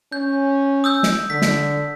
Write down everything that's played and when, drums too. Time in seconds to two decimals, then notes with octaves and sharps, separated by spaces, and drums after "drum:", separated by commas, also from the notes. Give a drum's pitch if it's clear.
0.12 C#4 G6
0.84 D#6 E6 G6
1.03 drum: snare
1.30 D3 B6
1.42 drum: snare